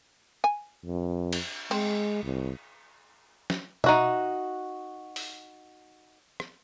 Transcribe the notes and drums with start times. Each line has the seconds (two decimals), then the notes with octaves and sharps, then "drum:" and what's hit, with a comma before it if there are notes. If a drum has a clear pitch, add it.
0.44 G#5
0.84 F2
1.33 drum: cymbal
1.71 G#3 C4, drum: cymbal
2.23 C2
3.50 drum: snare
3.84 D#4 F#4 E5, drum: tom B2
5.16 drum: open hi-hat
6.40 drum: rim click